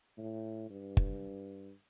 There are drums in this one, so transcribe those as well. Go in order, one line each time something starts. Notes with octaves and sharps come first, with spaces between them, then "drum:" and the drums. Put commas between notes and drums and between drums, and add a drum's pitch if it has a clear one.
A2
G2
drum: kick